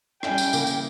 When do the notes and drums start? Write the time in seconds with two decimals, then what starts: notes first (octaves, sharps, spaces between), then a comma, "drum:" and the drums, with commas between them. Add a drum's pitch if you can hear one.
0.23 G3 C#4 E4 G5, drum: rim click
0.38 drum: tambourine
0.53 C#3 E3 A#3 E4, drum: tambourine
0.67 drum: tambourine